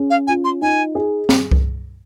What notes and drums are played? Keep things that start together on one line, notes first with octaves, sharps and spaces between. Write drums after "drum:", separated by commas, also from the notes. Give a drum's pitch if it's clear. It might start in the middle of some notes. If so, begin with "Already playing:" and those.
Already playing: C#4 G#4
F5
F4 G#5
C6
D#4 G#5
G#4
drum: snare C4
drum: kick C2